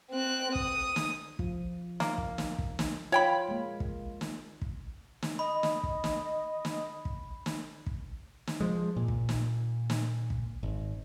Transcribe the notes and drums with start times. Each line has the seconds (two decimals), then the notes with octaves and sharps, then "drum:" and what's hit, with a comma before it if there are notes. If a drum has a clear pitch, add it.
0.11 C4 F#6
0.55 D#6, drum: kick
0.96 drum: snare
1.39 F3, drum: kick
2.00 A#3, drum: snare
2.18 drum: kick
2.38 drum: snare
2.58 drum: kick
2.79 drum: snare
3.12 F4 C#5 G5 B5
3.49 G#3 A#3
3.80 drum: kick
4.21 drum: snare
4.62 drum: kick
5.22 drum: snare
5.39 D#5 B5
5.63 drum: snare
5.83 drum: kick
6.04 drum: snare
6.65 drum: snare
7.05 drum: kick
7.46 drum: snare
7.86 drum: kick
8.47 drum: snare
8.61 F3 G#3
8.96 A#2
9.08 drum: kick
9.29 drum: snare
9.90 drum: snare
10.30 drum: kick
10.63 G#1